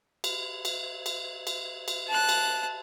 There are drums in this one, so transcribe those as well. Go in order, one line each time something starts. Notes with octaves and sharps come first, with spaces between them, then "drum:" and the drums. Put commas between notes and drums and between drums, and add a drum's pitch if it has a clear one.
drum: cymbal
drum: cymbal
drum: cymbal
drum: cymbal
drum: cymbal
A5 F#6
drum: cymbal